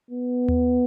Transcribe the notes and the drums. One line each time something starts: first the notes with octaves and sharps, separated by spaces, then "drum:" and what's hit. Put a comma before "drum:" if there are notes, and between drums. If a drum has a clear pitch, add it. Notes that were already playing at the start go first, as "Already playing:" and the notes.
B3
drum: tom D#2